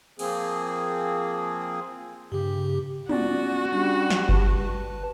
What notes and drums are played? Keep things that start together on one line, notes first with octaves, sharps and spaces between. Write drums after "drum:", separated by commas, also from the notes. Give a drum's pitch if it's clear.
F3 A#3 C4 G#4, drum: cymbal
G2 C#3 G4
B3 C#4 F4 F#4 D5, drum: tom
G3 C#4 D4
drum: snare
B4 A5, drum: kick F#1